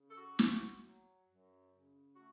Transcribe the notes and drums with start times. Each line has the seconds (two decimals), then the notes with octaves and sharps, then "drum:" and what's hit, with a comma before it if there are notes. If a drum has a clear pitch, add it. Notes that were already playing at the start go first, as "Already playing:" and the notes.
Already playing: C#3
0.09 A4
0.16 F#4
0.39 A3, drum: snare
0.82 F#3
1.27 F#2
1.71 C#3
2.15 A3 F#4